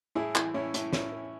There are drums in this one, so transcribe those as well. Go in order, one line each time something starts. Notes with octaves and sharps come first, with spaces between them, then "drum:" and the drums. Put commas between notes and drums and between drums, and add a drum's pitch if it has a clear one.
A2 E4 G#4
E3, drum: clap
A2 C#4 E4
A2, drum: hi-hat
A2 C#4 E4, drum: snare
E3